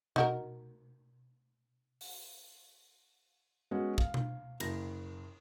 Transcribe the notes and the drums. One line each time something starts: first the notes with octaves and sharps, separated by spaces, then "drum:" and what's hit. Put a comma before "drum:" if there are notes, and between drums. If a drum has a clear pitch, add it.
D#4 F#4 A#4, drum: tom B2
drum: open hi-hat
G#3 B3 C#4 F#4
F5, drum: kick
drum: tom B2
F#1 A#6, drum: cymbal